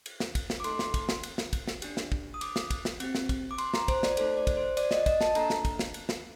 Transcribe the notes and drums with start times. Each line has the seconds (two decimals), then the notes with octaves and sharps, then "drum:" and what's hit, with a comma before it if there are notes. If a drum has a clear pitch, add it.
0.06 drum: cymbal
0.20 drum: snare
0.35 drum: kick, cymbal
0.50 drum: snare
0.60 D6
0.64 A3 D#4 A4 C6, drum: cymbal
0.79 drum: snare
0.94 drum: kick, cymbal
1.09 drum: snare
1.23 drum: cymbal
1.38 drum: snare
1.53 drum: kick, cymbal
1.68 drum: snare
1.82 D4 G4, drum: cymbal
1.97 drum: snare
2.12 drum: kick
2.34 D#6
2.41 D6, drum: cymbal
2.56 drum: snare
2.70 drum: kick, cymbal
2.85 drum: snare
3.00 C4 G4, drum: cymbal
3.15 drum: snare
3.29 drum: kick, cymbal
3.51 D6
3.58 C6, drum: cymbal
3.74 A#5, drum: snare
3.88 C5, drum: kick, cymbal
4.03 D5, drum: snare
4.17 A3 D#4 A4 C5, drum: cymbal
4.37 D5
4.47 drum: kick, cymbal
4.57 C5
4.77 D5, drum: cymbal
4.91 D#5, drum: snare
5.06 D#5, drum: kick, cymbal
5.21 A5, drum: snare
5.35 A#3 D4 A4 A#5, drum: cymbal
5.50 drum: snare
5.65 drum: kick, cymbal
5.79 drum: snare
5.94 drum: cymbal
6.09 drum: snare